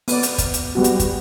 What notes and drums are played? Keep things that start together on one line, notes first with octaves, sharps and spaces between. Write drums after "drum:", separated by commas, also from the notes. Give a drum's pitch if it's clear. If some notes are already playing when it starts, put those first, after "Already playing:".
B3 D5, drum: open hi-hat
drum: hi-hat
drum: kick, hi-hat
drum: hi-hat
G3 B3 F#4
drum: hi-hat
drum: kick, hi-hat